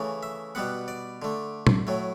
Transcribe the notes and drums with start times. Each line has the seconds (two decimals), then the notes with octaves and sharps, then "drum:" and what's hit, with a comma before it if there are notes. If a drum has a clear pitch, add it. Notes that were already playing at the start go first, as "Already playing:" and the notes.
Already playing: C#3 E3 A3
0.23 E5
0.55 B2 G3 B3 F#5
0.88 D5
1.22 D3 A3
1.67 drum: tom A#2
1.87 A2 F#3 A3